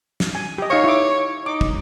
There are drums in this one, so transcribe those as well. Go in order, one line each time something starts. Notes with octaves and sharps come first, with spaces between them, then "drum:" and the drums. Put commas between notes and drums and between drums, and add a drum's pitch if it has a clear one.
drum: snare
G#5
G4 D#5
D#4 C#5 F5 C#6
E4 D6
D#4 D6
drum: kick